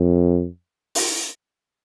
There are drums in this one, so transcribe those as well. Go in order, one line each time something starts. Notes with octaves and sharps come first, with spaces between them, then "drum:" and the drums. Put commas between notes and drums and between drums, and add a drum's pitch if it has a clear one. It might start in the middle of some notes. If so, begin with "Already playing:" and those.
Already playing: F2
drum: open hi-hat